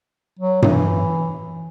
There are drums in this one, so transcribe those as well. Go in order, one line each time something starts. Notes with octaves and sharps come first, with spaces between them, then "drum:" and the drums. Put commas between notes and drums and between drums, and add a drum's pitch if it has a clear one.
F#3
F#3, drum: tom G2
E3